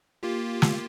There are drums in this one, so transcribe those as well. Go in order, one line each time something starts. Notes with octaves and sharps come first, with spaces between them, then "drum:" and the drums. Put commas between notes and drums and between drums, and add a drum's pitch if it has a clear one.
A#3 F4 G4
drum: snare